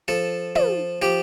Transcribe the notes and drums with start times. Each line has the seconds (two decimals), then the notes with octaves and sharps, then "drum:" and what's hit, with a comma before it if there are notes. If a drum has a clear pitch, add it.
0.08 F3 A4
0.56 F3, drum: tom
1.02 F3 G4